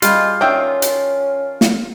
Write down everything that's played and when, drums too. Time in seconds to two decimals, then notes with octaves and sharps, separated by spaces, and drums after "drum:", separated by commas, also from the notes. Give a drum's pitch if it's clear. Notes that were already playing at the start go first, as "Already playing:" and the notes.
0.02 G3 G#3 F4, drum: hi-hat
0.41 D#3 C#4 D4 E5 G5
0.82 drum: hi-hat
1.61 drum: snare